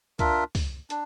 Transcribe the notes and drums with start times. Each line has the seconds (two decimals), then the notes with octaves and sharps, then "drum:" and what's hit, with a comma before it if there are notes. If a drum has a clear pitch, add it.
0.19 D4 F4 A#4 E5, drum: kick, hi-hat
0.55 drum: kick, open hi-hat
0.90 D4, drum: hi-hat